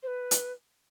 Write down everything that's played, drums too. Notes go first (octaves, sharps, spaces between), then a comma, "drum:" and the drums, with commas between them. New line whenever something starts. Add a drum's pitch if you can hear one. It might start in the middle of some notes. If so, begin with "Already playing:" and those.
C5
B4
drum: hi-hat